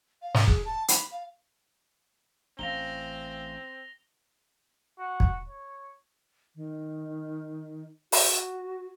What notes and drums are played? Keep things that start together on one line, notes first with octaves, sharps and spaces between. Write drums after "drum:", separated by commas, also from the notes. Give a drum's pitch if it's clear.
F5
drum: snare
G#4, drum: kick
A5
B5, drum: hi-hat
F5
A1 C4 C#4 F5 A#5 A#6 F7 G7
F#4
drum: kick
C#5
D#3
F#4, drum: open hi-hat